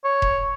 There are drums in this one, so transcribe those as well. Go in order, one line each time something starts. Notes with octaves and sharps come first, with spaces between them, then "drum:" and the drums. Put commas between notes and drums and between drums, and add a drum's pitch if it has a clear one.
C#5
drum: kick E1